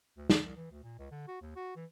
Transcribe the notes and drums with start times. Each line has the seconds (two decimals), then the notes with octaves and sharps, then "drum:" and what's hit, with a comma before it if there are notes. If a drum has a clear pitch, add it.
0.17 D2
0.30 D3, drum: snare
0.44 C2
0.56 E3
0.71 D2
0.83 A#2
0.99 C#2
1.11 D3
1.28 F#4
1.41 D#2
1.56 F#4
1.76 E3